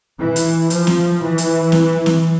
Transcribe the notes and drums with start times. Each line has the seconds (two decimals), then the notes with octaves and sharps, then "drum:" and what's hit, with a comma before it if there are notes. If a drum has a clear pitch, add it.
0.19 E3
0.36 drum: hi-hat
0.70 F3, drum: hi-hat
0.87 drum: snare
1.22 E3
1.38 drum: hi-hat
1.72 drum: snare
2.06 drum: snare